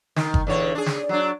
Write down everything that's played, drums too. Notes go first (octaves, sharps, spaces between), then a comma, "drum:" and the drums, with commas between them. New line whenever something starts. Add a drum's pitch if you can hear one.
D#3, drum: snare
drum: kick
E2 D3 C#5
D4 G#4
drum: snare
F#3 D4